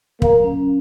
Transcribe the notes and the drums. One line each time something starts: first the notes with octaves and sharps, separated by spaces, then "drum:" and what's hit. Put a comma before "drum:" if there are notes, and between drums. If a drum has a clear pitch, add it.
F#3 A#3, drum: kick
C#4